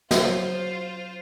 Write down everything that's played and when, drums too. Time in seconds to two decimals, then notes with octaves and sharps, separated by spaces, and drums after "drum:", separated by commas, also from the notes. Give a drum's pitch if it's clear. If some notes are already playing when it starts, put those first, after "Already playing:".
0.11 F#3 F4 C5, drum: snare